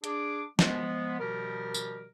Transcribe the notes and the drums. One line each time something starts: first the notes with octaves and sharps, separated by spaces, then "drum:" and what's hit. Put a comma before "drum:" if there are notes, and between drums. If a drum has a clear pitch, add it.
D4 G#4 D6, drum: hi-hat
F3 G#3 B3, drum: snare
B2 D#3 F3 G3 G4 A#4
drum: tambourine